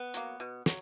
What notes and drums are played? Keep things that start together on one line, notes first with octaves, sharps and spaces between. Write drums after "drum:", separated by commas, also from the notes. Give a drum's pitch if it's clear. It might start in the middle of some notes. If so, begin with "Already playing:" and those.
Already playing: B3
F#3 A#3, drum: hi-hat
B2
F#3, drum: snare